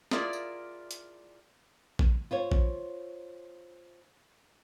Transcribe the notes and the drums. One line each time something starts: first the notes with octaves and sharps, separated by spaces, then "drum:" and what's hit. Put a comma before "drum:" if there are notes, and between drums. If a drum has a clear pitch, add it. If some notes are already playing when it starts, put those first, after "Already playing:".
E4 F4 G#4 A#4 D5, drum: snare
drum: tambourine
drum: hi-hat
drum: kick
F4 C5 C#5
drum: kick